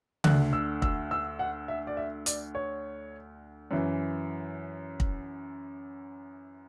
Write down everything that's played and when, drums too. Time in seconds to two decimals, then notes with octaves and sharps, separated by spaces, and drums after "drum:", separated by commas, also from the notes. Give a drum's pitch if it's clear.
0.24 D2 D3 F#6, drum: tom C#3
0.53 E6
0.82 E6, drum: kick
1.11 E6
1.39 F#5
1.68 E5
1.87 D5
1.97 E5
2.26 D5, drum: hi-hat
2.55 C#5
3.71 F#2 E3
5.00 drum: kick